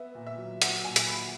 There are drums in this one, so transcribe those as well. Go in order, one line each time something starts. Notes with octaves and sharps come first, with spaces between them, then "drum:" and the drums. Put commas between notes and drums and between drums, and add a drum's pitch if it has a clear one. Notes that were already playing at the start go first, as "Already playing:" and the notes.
Already playing: B3 E5
A#2
E5
F#3
F#3 F#5, drum: hi-hat
A#2 G#5
drum: hi-hat
A#2 B5